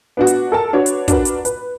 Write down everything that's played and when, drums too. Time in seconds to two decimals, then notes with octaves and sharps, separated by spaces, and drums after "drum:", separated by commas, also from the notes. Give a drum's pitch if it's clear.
0.17 B3 D4 F#4
0.27 drum: hi-hat
0.52 A4 A#4 A5
0.73 D4 F#4 B4 C#5
0.86 drum: hi-hat
1.08 D4 F#4 A#4 B4, drum: kick, hi-hat
1.25 drum: hi-hat
1.45 B4, drum: hi-hat